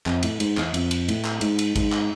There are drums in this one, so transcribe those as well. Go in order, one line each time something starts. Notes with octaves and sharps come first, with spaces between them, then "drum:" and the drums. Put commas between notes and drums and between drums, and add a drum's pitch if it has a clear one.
F2, drum: clap
A2, drum: cymbal
G#2, drum: cymbal
E2, drum: clap
F2, drum: cymbal
drum: cymbal
A2, drum: cymbal
drum: clap
G#2, drum: cymbal
drum: cymbal
G#2, drum: kick G#1, cymbal
drum: clap